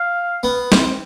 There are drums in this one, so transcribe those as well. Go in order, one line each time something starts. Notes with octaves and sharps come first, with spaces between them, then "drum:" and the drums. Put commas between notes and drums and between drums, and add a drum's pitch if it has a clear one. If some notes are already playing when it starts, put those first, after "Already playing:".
Already playing: F5
B3
C4, drum: snare